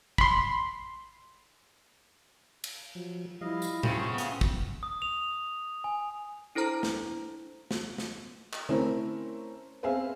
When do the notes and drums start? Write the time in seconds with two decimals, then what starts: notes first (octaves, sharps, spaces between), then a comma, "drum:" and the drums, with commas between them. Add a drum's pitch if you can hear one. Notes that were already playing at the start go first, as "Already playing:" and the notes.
0.18 B5 C6, drum: kick
2.64 drum: cymbal
2.95 F3 F#3
3.41 F3 G3 E4 D#5 F5
3.62 drum: tambourine
3.83 C#3 A3 C4 F4 F#4 G5 A#5, drum: tom A2
4.09 B3 F#5
4.18 drum: hi-hat
4.41 drum: kick
4.83 D#6
5.02 F7
5.84 G#5
6.55 D4 E4 A4 C5 A#5 F6
6.83 drum: snare
7.71 drum: snare
7.98 drum: snare
8.53 drum: clap
8.69 A3 C4 C#4 E4 A#4, drum: tom D3
9.83 B3 C4 G#4 E5 F5